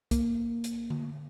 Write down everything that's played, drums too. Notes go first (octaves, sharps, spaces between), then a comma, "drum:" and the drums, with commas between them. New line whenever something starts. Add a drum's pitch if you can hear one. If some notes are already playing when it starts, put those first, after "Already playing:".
A#3, drum: kick C2, hi-hat
drum: hi-hat
drum: tom D3